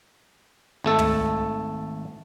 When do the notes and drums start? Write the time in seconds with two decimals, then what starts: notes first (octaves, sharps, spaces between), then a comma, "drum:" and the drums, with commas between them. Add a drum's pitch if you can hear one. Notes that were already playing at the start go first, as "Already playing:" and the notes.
0.84 G#1 A3 A4
0.99 drum: tom